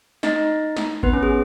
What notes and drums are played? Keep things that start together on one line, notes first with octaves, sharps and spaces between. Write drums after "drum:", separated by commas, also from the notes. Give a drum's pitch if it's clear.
D#4 D#5, drum: snare
drum: snare
B3 B4, drum: kick G#1
C#4
G#4